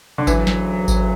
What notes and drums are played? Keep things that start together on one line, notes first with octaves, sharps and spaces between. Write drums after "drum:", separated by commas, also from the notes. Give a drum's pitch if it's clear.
D3
D2 C#3 E3 F#3, drum: kick G#1, tambourine
drum: snare
drum: kick G#1, tambourine